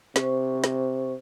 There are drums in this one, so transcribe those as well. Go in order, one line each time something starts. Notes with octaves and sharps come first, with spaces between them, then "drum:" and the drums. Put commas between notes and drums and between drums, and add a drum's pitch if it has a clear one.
C3 C5 C#6, drum: snare
drum: snare